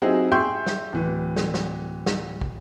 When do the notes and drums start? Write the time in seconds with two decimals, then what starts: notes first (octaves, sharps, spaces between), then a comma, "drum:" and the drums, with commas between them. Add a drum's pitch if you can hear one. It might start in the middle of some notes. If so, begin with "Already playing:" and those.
0.02 F#3 C4 D#4 E4 G4 G#4
0.31 G#4 E5 G5 C6 C#6 G6
0.66 drum: snare
0.93 D1 E3
1.36 drum: snare
1.54 drum: snare
2.06 drum: snare
2.41 drum: kick